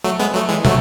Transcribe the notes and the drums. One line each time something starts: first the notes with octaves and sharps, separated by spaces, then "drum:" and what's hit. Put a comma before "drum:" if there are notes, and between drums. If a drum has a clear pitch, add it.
F#3 A3
G#3 B3
F#3 A3
E3 G#3
F#3 A3, drum: tom